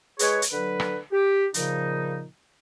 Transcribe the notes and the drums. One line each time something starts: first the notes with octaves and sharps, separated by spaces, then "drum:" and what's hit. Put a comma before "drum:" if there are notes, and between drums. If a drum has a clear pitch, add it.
G#3 G#4 B4 C#5, drum: hi-hat
drum: hi-hat
D3 F#3 B4
drum: rim click
G4
A#2 C#3 F3 D#4, drum: hi-hat